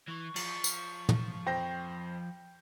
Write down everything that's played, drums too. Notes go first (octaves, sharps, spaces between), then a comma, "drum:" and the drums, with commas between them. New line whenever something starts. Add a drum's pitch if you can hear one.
E3 C#6
F3, drum: cymbal
drum: tambourine
drum: tom
F2 C5 G5 G6 A#6